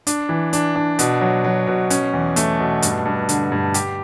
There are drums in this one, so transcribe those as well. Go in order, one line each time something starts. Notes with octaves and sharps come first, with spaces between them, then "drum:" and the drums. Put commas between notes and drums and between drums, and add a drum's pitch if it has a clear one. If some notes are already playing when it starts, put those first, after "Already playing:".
D4, drum: hi-hat
E3
D4, drum: hi-hat
D4
B2, drum: hi-hat
F#3
F#3
B2
C#4, drum: hi-hat
E2
A3, drum: hi-hat
B2
G2, drum: hi-hat
G2
D3, drum: hi-hat
G2
G4, drum: hi-hat